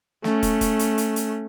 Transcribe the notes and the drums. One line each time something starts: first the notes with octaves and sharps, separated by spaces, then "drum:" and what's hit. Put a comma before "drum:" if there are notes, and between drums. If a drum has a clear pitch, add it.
A3 C#4, drum: snare
drum: kick, hi-hat
drum: kick, hi-hat
drum: hi-hat
drum: hi-hat
drum: hi-hat